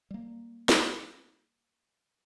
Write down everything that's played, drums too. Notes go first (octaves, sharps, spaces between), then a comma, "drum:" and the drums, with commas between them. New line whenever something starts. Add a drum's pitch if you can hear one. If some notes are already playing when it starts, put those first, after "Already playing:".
G3 A#3
drum: snare